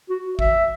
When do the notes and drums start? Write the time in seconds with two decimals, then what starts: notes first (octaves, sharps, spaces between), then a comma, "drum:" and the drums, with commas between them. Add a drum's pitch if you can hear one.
0.09 F#4
0.39 E5, drum: kick G#1